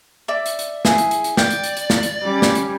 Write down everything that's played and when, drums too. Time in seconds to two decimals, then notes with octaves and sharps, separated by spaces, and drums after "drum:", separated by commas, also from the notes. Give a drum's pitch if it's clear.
0.28 D5 E5 D6
0.46 drum: hi-hat
0.59 drum: hi-hat
0.85 E4 G#4, drum: snare
0.98 drum: hi-hat
1.11 drum: hi-hat
1.24 drum: hi-hat
1.37 D5 G5, drum: snare
1.51 drum: hi-hat
1.64 drum: hi-hat
1.77 drum: hi-hat
1.90 drum: snare
2.03 drum: hi-hat
2.23 G3 C#4
2.42 drum: snare
2.55 drum: hi-hat